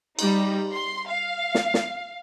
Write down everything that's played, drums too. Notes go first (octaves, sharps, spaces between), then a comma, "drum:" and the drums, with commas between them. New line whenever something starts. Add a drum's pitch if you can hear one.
G3 D#4, drum: cymbal
C6
F5
drum: snare
drum: snare